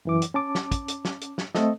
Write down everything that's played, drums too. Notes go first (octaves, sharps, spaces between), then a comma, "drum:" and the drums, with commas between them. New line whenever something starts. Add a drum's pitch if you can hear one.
F#2 E3 D6
drum: hi-hat
C#4 A5 D6
drum: snare
drum: kick, hi-hat
drum: hi-hat
drum: snare
drum: hi-hat
drum: snare
A3 C4 A4 D#5, drum: snare